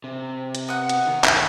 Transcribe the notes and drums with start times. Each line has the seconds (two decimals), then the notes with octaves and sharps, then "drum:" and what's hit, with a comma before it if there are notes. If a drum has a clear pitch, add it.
0.04 C3
0.55 drum: hi-hat
0.68 B3 F#5
0.89 drum: hi-hat
1.07 D#3
1.24 drum: clap